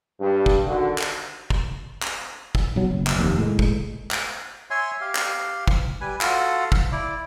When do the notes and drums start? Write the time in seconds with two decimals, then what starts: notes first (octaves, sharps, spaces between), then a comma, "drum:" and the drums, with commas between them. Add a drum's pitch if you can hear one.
0.20 G2
0.46 drum: kick
0.65 D3 D#3 F#4
0.98 drum: clap
1.50 drum: kick
2.03 drum: clap
2.55 drum: kick
2.76 B1 F#3
2.91 F#1
3.07 drum: clap
3.16 F1 D#2
3.38 A2 G#3
3.59 drum: kick
4.11 drum: clap
4.70 C#5 E5 G#5 C6
5.01 G4 F5
5.15 drum: clap
5.68 drum: kick
6.01 G3 B4 G#5
6.21 F4 F#4 A4 F5, drum: clap
6.72 drum: kick
6.92 E4 D5